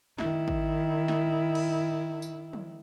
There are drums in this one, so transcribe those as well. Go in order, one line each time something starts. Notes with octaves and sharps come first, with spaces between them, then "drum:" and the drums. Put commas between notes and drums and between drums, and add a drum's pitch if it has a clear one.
D#3 E4, drum: snare
drum: kick
drum: snare
drum: cymbal
drum: tambourine
drum: tom